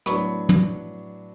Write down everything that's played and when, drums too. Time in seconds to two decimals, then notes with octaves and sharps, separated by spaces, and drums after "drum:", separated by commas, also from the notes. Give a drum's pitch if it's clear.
0.06 A2 F#3 B3 D4 B5 C#6, drum: rim click
0.49 drum: tom